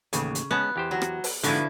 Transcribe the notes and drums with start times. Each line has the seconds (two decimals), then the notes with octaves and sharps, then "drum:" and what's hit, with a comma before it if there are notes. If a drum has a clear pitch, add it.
0.13 A1 D#2 C#3, drum: hi-hat
0.35 drum: hi-hat
0.51 G#3 B3 C#4 A5
0.76 E2 G4 C5
0.91 F#3
1.02 drum: rim click
1.24 drum: open hi-hat
1.43 G#2 B2 D3 F3 B3 E4 B4, drum: hi-hat